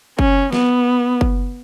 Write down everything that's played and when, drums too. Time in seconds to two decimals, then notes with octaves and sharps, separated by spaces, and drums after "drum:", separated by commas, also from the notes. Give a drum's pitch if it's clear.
0.19 C#4, drum: kick F#1
0.53 B3, drum: snare
1.21 drum: kick F#1